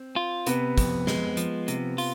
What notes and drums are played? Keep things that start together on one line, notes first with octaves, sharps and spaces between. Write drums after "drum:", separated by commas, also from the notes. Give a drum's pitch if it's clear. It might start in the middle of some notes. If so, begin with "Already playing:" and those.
Already playing: C4
F4
C3 B3, drum: hi-hat
F2, drum: kick, hi-hat
G#3, drum: snare
F3, drum: hi-hat
C3, drum: hi-hat
F4, drum: open hi-hat